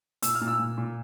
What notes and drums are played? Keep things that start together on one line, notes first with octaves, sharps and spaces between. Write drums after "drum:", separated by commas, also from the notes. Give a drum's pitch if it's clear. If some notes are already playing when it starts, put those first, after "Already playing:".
A#2 E6, drum: hi-hat
F6
A#2
E6
A#2
A#2